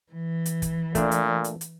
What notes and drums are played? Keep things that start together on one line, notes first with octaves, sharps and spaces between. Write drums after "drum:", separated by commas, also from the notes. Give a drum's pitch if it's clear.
E3
drum: hi-hat
drum: kick, hi-hat
A#2 A3 D4, drum: kick, hi-hat
drum: hi-hat
drum: hi-hat
drum: hi-hat